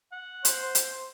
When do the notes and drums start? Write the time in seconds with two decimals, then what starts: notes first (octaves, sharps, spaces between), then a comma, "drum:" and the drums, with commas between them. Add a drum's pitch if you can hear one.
0.12 F#5
0.45 C5, drum: hi-hat
0.75 drum: hi-hat